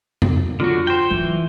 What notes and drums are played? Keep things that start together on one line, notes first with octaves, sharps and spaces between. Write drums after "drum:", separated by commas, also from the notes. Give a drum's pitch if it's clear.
drum: tom F2
D3 F#3 F4 F#4
C5 G5
E3 F#3